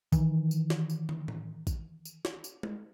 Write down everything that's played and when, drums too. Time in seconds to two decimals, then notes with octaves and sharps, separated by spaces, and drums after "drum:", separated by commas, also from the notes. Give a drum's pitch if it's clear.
0.12 D#3 E3, drum: kick, tambourine
0.51 drum: tambourine
0.70 drum: snare
0.90 drum: tambourine
1.09 drum: tom
1.28 drum: tom A2
1.67 drum: kick, tambourine
2.05 drum: tambourine
2.25 drum: snare
2.44 drum: tambourine
2.63 drum: tom G#3